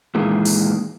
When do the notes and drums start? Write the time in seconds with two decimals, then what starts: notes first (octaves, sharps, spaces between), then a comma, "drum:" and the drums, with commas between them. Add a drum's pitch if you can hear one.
0.15 A#2 D#3 E3 G#3 A#3
0.45 drum: open hi-hat